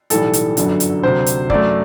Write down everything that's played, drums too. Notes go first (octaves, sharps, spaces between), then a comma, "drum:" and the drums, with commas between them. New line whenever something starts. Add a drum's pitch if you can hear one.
B1 A2 E3 G3 A4, drum: hi-hat
drum: hi-hat
G1 F#2 D3 F#3, drum: hi-hat
drum: hi-hat
D2 C3 F#3 C5
drum: hi-hat
F#2 F#3 A3 D5, drum: kick